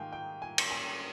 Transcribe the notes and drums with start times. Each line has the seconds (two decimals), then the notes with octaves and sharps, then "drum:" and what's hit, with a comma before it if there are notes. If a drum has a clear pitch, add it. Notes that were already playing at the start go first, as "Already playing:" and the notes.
Already playing: G#2 D#3 F5 G5 G#5
0.13 G5
0.42 G#5
0.58 drum: cymbal
0.71 G#5